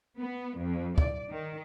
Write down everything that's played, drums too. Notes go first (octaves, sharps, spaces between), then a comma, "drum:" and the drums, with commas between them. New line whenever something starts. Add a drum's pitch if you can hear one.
B3
F2
D5, drum: kick
D#3